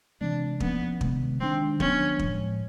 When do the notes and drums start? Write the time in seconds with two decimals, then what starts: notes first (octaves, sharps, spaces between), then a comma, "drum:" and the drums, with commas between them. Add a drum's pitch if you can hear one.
0.21 C3 E3 G#3 C4 D4
0.60 F3 A#3 B3 C#4, drum: kick
1.01 C3 D#3 G#3 B3, drum: kick
1.40 D#3 G#3 B3 C4 D4
1.80 D#3 F#3 B3 C#4 D4, drum: kick
2.19 A2 F3 G#3, drum: kick